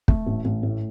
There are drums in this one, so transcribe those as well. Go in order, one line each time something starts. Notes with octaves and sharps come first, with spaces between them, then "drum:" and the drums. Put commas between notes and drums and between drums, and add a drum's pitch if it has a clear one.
A3, drum: kick
A1
A1
A2